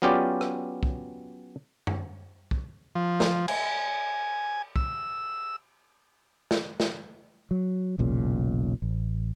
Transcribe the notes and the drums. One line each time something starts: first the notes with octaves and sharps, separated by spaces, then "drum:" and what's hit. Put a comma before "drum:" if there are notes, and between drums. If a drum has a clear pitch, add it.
F#3 B3 C#4 F4 G4 D5
drum: rim click
drum: kick
drum: tom F#2
drum: kick
F3
drum: snare
G#5, drum: cymbal
E6, drum: kick
drum: snare
drum: snare
F#3
E1 B1 A#2 C#3
A1